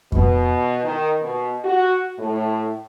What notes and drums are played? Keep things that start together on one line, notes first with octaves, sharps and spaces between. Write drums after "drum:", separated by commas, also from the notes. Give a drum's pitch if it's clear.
B2, drum: kick F2
D#3
B2
F#4
A2